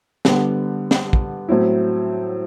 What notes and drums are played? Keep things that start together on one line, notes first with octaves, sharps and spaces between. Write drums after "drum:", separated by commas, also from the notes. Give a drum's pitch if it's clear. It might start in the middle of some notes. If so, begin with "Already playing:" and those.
D3 G3 B3, drum: snare
drum: snare
drum: kick
A2 F#3 C4 E4